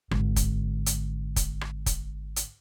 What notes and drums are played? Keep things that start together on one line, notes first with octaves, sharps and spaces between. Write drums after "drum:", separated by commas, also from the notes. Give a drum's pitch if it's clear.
G#1 D3, drum: rim click
drum: kick, hi-hat
drum: hi-hat
drum: kick, hi-hat
drum: rim click
drum: kick, hi-hat
drum: hi-hat